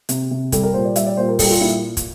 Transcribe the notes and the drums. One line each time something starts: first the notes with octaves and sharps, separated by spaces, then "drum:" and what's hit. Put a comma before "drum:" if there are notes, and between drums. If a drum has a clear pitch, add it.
C3, drum: hi-hat
C3
G3 A4, drum: kick, hi-hat
A#4
A#2 C5
D5
G3 E5, drum: hi-hat
D5
A#2 C5
A#4
G3 A4, drum: kick, open hi-hat
G4
F4
A#2 E4
drum: kick, hi-hat